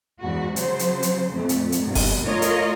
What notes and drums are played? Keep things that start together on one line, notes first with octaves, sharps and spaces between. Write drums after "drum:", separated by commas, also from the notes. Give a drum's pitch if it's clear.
E2 G#2 F#4
C#3 F#3 C5, drum: hi-hat
drum: hi-hat
drum: hi-hat
F2 A#2 A3
drum: hi-hat
drum: hi-hat
G2 B2 D#3
drum: kick F#1, open hi-hat
A3 F4 A#4 C#5 D#5
drum: hi-hat